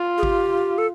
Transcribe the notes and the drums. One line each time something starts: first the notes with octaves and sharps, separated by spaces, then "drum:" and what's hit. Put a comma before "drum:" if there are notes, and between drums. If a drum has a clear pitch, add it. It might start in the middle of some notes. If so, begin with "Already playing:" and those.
Already playing: F4
G#4
G4, drum: kick G#1
A4